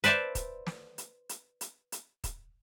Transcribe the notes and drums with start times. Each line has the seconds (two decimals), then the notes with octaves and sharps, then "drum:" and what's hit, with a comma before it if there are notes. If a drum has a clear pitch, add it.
0.04 B4 C5 D5 E5 A5, drum: hi-hat
0.35 drum: kick, hi-hat
0.67 drum: snare
0.98 drum: hi-hat
1.29 drum: hi-hat
1.61 drum: hi-hat
1.92 drum: hi-hat
2.24 drum: kick, hi-hat